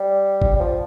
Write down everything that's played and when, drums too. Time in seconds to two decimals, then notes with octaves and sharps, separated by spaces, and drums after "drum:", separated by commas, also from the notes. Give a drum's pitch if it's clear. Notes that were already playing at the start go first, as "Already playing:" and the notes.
Already playing: G3
0.42 drum: kick
0.56 G3
0.61 F3